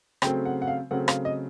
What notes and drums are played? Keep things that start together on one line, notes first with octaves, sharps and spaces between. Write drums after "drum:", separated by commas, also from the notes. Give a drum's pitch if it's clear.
C#3 F#3 A3 C4 G5, drum: rim click
F#5
F#5
F5
C#3 F#3 A3 C4 F#5
F5, drum: rim click
D#5